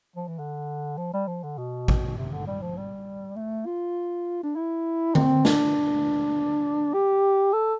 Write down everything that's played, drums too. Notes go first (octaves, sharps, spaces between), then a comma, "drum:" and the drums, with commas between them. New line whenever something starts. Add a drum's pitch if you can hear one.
F3
E3
D3
F3
G3
F3
D3
B2
drum: kick A1
C3
D3
G3
F3
G3
A3
F4
D4
E4
C4, drum: tom D3
D4, drum: snare
G4
A4